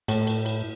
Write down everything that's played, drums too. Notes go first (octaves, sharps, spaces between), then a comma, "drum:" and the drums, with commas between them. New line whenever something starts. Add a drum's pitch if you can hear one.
A2, drum: cymbal
drum: cymbal
drum: cymbal